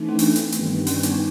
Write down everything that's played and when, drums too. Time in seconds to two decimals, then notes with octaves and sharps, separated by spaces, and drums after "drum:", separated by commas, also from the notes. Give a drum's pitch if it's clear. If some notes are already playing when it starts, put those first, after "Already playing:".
Already playing: E3 A3 C4 D#4
0.09 C#4
0.19 D4, drum: open hi-hat
0.36 drum: hi-hat
0.52 G2 D#3 G3 B3, drum: hi-hat
0.87 C#4, drum: open hi-hat
0.95 D4
1.03 D#4, drum: hi-hat
1.12 D4